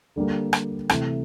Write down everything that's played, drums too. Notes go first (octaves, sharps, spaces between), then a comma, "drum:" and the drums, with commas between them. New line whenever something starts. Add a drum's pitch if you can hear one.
D3 G3 A#3
drum: rim click
C3 E3 A3, drum: rim click